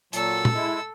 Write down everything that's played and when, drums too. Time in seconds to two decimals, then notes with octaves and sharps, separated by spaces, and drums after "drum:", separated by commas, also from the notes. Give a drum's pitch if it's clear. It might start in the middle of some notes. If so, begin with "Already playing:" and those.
0.13 A#2 F#3 A4 E6, drum: hi-hat
0.45 drum: tom
0.55 G#3 E4